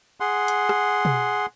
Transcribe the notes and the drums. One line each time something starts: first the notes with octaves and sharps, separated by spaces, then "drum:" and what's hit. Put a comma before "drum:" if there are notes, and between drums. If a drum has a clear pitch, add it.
G#4 F#5 C6
drum: hi-hat
drum: rim click
drum: tom B2